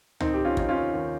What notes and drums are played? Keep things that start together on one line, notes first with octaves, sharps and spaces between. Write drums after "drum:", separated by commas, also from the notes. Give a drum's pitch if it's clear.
D#3 C4 D#4, drum: tom C#2
G4
C#4 F4
D#2 D#4, drum: kick
C#4 F4
D#2